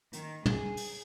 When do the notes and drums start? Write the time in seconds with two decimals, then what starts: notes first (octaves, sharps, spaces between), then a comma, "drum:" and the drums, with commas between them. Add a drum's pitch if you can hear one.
0.13 D#3, drum: hi-hat
0.46 G#4, drum: tom
0.77 drum: open hi-hat